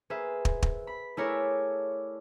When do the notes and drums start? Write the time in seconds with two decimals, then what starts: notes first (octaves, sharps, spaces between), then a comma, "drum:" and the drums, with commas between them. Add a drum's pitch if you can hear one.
0.10 A#3 G#4 B4 C5 E5
0.45 drum: kick
0.63 drum: kick
0.87 B5
1.17 A3 E4 G#4 A#4 C#5 D5